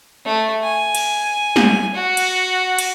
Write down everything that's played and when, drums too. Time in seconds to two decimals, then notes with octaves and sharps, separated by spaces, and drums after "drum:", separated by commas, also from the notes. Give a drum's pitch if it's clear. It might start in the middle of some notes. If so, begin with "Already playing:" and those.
0.25 A3
0.64 G#5
0.95 drum: cymbal
1.56 drum: snare
1.95 F#4
2.17 drum: cymbal
2.78 drum: cymbal